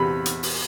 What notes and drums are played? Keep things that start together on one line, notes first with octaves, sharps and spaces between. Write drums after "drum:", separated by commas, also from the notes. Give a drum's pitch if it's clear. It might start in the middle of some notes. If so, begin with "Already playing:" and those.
Already playing: E2 C3 B5
drum: hi-hat
drum: open hi-hat